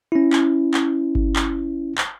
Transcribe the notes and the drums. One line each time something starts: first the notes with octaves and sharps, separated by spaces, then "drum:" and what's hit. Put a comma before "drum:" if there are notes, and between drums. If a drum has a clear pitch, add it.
C#4 E4
drum: clap
drum: clap
drum: kick G1
drum: clap
drum: clap